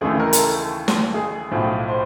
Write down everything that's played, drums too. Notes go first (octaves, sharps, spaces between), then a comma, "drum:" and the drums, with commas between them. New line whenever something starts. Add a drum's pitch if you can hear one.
D#2 C#3 E3 A3 G#4
A#4
A#4, drum: hi-hat
A4
drum: snare
G#4
B1 A2 F3
C5